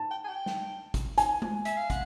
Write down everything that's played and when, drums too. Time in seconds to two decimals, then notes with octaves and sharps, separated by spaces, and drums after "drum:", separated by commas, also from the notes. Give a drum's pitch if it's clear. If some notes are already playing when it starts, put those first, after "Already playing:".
Already playing: A5
0.11 G5
0.24 G#5
0.28 G5
0.46 drum: snare
0.94 drum: kick, hi-hat
1.18 G#5, drum: hi-hat
1.42 drum: tom G#3
1.65 E5, drum: hi-hat
1.77 F5
1.90 F#5, drum: kick, hi-hat